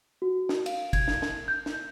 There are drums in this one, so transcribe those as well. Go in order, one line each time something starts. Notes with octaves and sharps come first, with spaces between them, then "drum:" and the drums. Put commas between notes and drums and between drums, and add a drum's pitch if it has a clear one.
F#4
drum: snare
F5, drum: cymbal
G#6, drum: kick, cymbal
drum: snare
drum: snare
G6
drum: snare